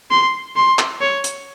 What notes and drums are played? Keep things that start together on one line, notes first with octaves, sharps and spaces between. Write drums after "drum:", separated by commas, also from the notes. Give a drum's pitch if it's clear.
C6
C6
drum: clap
C#5
drum: hi-hat